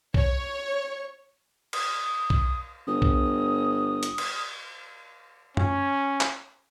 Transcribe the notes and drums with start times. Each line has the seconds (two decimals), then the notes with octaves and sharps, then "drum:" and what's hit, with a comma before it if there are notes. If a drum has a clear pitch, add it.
0.14 C#5, drum: kick B1
1.73 D#6, drum: cymbal
2.30 drum: kick B1
2.87 G1 D#6
3.02 drum: kick B1
4.03 drum: hi-hat
4.18 drum: cymbal
5.57 C#4, drum: tom F#2
6.21 drum: clap